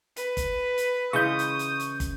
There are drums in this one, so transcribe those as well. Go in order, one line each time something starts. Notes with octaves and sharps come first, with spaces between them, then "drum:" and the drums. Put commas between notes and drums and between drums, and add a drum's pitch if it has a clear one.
B4, drum: hi-hat
drum: kick, hi-hat
drum: hi-hat
C#3 E3 G#3 C#6 D#6 G6
drum: hi-hat
drum: hi-hat
drum: hi-hat
drum: kick, hi-hat